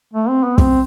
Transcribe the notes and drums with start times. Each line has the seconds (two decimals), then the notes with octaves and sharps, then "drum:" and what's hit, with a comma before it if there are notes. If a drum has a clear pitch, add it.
0.14 A3
0.29 C4
0.43 B3
0.58 C4, drum: kick